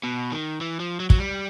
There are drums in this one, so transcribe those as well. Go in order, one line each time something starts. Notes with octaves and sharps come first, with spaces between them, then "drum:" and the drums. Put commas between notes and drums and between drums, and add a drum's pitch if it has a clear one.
B2
D#3
E3
F3
F#3
F#3, drum: kick
G3